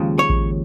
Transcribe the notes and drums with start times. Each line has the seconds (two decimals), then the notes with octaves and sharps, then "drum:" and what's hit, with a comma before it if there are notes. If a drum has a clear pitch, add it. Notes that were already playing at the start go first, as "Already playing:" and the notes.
Already playing: D#2 C#3 F3 G#3
0.19 C#5
0.30 drum: kick A1